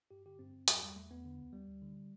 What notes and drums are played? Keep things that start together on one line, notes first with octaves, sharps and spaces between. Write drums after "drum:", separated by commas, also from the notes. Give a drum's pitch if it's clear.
G2 G4
D3 G4
G2 C4
G2
E2 F#3, drum: hi-hat
E2 G3
E2 A3
E2 B3
D3
D2
D2 G3
D2
D3
D3